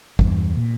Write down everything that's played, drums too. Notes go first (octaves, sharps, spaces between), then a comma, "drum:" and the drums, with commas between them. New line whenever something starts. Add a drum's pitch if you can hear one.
E2 G2, drum: kick
A#2